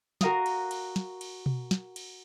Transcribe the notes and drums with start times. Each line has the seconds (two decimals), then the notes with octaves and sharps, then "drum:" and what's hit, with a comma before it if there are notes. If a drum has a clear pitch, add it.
0.21 F#4 A#4 F5 D#6, drum: snare
0.46 drum: cymbal
0.71 drum: cymbal
0.96 drum: snare
1.21 drum: cymbal
1.46 drum: tom B2
1.71 drum: snare
1.96 drum: cymbal